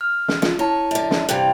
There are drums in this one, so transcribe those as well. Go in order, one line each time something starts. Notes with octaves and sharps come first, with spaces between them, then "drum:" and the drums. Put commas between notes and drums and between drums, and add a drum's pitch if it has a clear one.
F6
drum: snare
F3, drum: snare
E4 C#5 A5
F#2 D3
drum: snare
G2 C3 E3